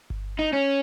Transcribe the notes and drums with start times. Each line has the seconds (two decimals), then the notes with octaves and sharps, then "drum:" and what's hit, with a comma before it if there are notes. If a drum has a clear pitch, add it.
0.10 drum: kick G1
0.39 D#4
0.53 C#4